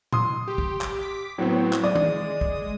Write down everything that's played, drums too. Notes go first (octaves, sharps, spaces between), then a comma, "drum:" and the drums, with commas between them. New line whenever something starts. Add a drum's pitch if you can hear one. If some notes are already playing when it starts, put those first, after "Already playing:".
C6 D#6, drum: tom A#2
G4
drum: kick
drum: clap
D6 B6
A2 F#3 B3 C4
drum: clap
G#3 D5 D#6
drum: tom
drum: kick